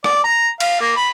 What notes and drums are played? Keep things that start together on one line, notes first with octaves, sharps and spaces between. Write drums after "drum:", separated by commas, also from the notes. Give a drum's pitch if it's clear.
D5, drum: rim click
A#5
F5, drum: cymbal
A#3
B5